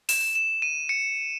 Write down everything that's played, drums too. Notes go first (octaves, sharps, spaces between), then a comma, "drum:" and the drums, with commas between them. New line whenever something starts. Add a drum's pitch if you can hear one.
E7, drum: open hi-hat
E7
D#7
C#7